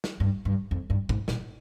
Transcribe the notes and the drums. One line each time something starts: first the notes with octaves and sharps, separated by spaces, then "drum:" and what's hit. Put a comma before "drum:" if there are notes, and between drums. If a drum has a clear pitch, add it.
drum: snare
G2
G2
F2
G2
G#2, drum: kick
A#2, drum: snare